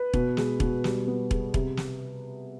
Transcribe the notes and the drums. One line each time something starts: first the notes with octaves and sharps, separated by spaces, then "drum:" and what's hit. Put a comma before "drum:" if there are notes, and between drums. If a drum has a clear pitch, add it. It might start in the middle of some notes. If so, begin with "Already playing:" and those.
Already playing: B4
B2, drum: kick E1
G#3, drum: snare
B2, drum: kick E1
G3, drum: snare
B3
G#4, drum: kick E1
C3, drum: kick E1
drum: snare